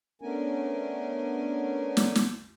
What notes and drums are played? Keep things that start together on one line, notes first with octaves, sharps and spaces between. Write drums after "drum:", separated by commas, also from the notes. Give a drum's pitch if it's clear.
A3 B3 C#4 D4 A#4 G#5
drum: snare
drum: snare